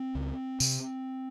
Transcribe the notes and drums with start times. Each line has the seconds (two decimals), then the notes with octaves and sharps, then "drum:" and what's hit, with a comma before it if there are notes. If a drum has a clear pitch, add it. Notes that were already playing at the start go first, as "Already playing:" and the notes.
Already playing: C4
0.15 C#2
0.60 C3, drum: tambourine